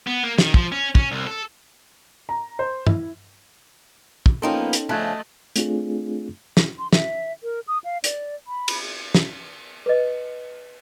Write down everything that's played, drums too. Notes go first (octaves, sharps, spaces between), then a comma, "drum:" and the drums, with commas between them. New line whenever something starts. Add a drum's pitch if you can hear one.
B3
A#3
D#3, drum: snare
F3, drum: kick
C#4
C#4, drum: kick
C2
A4
A#5
C5
E4, drum: tom
drum: kick
F3 A#3 B3 C#4 D#4 A4 G5 C6
drum: hi-hat
C#3 F3 A3 D4 D#5 E5 F#6 G#6
A3 C4 D4 F4 G#4, drum: hi-hat
drum: snare
C6
E5, drum: snare
A#4
D#6
F5
D5, drum: hi-hat
B5
drum: cymbal
drum: snare
B4 D#5